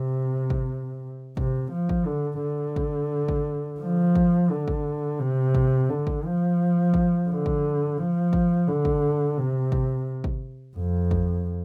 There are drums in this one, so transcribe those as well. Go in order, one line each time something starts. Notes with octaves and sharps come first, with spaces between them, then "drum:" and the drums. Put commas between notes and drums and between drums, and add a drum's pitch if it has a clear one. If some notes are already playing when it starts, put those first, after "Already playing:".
Already playing: C3
drum: kick G#1
C3, drum: kick G#1
F3
drum: kick G#1
D3
D3
drum: kick G#1
drum: kick G#1
F3
drum: kick G#1
D3
drum: kick G#1
C3
drum: kick G#1
D3
drum: kick G#1
F3
drum: kick G#1
D3
drum: kick G#1
F3
drum: kick G#1
D3
drum: kick G#1
C3
drum: kick G#1
drum: kick G#1
F2
drum: kick G#1